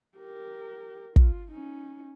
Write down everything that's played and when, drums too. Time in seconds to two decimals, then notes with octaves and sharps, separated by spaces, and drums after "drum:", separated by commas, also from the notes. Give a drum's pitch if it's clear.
0.17 G4 A#4
1.16 F4, drum: kick
1.51 C#4 D#4